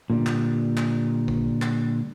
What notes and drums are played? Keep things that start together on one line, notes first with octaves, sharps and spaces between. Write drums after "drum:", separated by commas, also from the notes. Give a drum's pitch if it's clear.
A#2 D3 G3
drum: clap
drum: clap
drum: kick
drum: clap